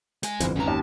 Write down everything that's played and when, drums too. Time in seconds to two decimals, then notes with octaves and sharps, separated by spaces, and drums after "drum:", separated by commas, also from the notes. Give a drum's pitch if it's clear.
0.23 G#3 G#5, drum: hi-hat
0.40 G1 F2 E3 C5, drum: hi-hat
0.56 G#1 F2 D3 C#4 B4 A#5
0.67 D#2 A5